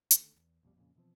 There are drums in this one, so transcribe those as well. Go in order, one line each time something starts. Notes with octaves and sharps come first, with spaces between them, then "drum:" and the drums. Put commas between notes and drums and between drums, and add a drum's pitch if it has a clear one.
D3 D#3 A3, drum: hi-hat
E2
A#1 F2 B2 G3
F2 A#2 C#3
B2 E3 F3 C4